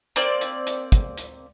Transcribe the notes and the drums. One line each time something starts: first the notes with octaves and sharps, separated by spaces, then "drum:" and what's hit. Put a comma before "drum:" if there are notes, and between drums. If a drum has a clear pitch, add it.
A#3 C4 D5, drum: hi-hat
drum: hi-hat
drum: hi-hat
drum: kick, hi-hat
drum: hi-hat